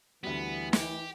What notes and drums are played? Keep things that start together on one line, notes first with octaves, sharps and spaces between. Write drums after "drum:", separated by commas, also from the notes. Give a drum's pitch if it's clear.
D2 E3 G3 B3
G4, drum: snare